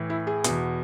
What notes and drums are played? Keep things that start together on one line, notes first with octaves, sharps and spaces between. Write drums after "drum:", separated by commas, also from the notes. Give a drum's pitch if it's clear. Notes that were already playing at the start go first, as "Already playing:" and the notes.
Already playing: A2 E3
E4
G#4
E2 B2, drum: hi-hat